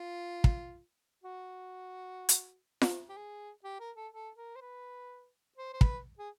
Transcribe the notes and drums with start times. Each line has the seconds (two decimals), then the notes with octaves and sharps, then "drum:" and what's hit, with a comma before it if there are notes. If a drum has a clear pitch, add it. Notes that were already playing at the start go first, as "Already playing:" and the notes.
Already playing: F4
0.44 drum: kick
1.23 F#4
2.29 drum: hi-hat
2.82 drum: snare F4
3.09 G4
3.17 G#4
3.64 G4
3.80 A#4
3.96 A4
4.13 A4
4.36 A#4
4.55 C5
4.61 B4
5.57 C5
5.73 C5
5.81 B4, drum: kick
6.19 G#4